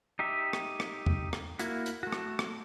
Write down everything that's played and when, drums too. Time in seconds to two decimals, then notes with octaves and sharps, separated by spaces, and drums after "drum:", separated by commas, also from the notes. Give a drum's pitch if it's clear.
0.19 D#4 G4 E5
0.53 drum: rim click
0.80 drum: rim click
1.06 drum: tom E2
1.33 drum: rim click
1.59 A#3 E4 F#4, drum: hi-hat
1.86 drum: hi-hat
2.03 A3 F#4
2.12 drum: rim click
2.39 drum: rim click